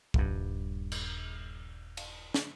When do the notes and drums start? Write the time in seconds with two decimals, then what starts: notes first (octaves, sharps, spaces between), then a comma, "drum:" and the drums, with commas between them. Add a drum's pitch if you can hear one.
0.14 D#1 G2, drum: kick C2
0.92 drum: cymbal
1.97 drum: cymbal
2.34 drum: snare